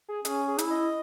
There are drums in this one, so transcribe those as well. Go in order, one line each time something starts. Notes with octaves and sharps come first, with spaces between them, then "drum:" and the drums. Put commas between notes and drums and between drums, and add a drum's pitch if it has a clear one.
G#4
C#4 G#4, drum: hi-hat
G#4
E4, drum: hi-hat
D#5